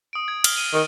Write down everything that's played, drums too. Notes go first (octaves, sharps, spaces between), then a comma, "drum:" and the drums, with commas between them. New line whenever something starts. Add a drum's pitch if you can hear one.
D#6 D7
G#6
F6 G7, drum: cymbal
D#7
D#3